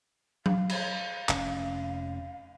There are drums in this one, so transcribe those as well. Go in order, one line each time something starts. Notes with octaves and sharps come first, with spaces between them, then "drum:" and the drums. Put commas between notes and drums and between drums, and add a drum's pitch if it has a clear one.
F5, drum: tom F#3
drum: cymbal
F1 C#4, drum: clap